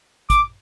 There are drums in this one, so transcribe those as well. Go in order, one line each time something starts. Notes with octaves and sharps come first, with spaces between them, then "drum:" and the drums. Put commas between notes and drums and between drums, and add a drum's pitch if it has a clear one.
D6, drum: kick, hi-hat